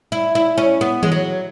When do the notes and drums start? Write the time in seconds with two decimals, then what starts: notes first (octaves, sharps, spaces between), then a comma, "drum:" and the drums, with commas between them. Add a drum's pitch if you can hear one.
0.12 E4
0.35 E4
0.58 C#4
0.81 B3
1.03 G#3, drum: tom D#3
1.12 F#3